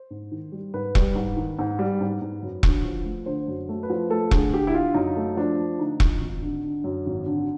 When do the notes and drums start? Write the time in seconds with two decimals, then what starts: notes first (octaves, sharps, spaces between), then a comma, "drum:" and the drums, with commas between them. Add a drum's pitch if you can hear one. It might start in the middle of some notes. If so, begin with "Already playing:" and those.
Already playing: C5
0.11 G#2
0.32 D#3
0.52 G3
0.74 G#2 B4
0.95 G3, drum: kick E1
1.15 G#2
1.37 D#3
1.59 G#2
1.79 G3
2.01 G#2
2.22 G#2
2.43 F#2
2.63 D3, drum: kick E1
2.85 F3
3.05 A3
3.26 D3 C5
3.48 F#2
3.69 A3
3.83 B4
3.90 F3
4.10 A3 A4
4.31 D3 G#4, drum: kick E1
4.52 D3 G4
4.67 E4
4.74 D3 F4
4.95 F#2 D#4
5.17 A3
5.37 F3 D4
5.58 A3
5.79 D3 D#4
6.00 F3, drum: kick E1
6.21 G#1
6.42 D3
6.63 D3
6.84 F#2
7.06 G#1
7.26 D3